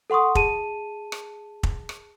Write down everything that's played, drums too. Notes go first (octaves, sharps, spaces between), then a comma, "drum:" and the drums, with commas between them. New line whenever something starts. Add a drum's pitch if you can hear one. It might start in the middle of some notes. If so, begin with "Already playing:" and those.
A4 F#5 C6 C#6 D#6
G#4 A5 D#7, drum: kick
drum: rim click
drum: kick
drum: rim click